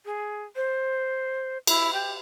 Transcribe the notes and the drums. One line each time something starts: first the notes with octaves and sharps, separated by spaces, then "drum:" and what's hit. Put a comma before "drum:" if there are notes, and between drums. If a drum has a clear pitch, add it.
G#4
C5
E4, drum: cymbal
G4